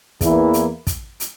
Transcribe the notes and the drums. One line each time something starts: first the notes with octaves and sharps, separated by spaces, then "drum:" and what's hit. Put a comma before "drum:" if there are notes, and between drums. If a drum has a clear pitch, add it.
E2 E3 A#3 E4, drum: kick, hi-hat
drum: hi-hat
drum: kick, hi-hat
drum: hi-hat